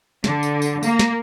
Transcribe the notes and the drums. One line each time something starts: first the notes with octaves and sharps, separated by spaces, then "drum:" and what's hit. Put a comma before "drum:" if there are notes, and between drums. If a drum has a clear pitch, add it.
D3, drum: snare
drum: tambourine
drum: tambourine
A#3, drum: tambourine
drum: snare